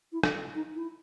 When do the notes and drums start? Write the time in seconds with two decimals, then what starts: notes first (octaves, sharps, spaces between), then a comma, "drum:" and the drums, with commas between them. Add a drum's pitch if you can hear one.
0.12 E4
0.23 drum: rim click
0.55 D#4
0.75 E4